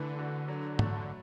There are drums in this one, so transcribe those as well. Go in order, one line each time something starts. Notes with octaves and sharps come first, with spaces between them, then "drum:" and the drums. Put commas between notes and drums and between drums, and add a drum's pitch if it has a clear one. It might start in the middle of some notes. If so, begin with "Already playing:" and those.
Already playing: D3 E3 A3 B4
F#4
F#3
A3, drum: tom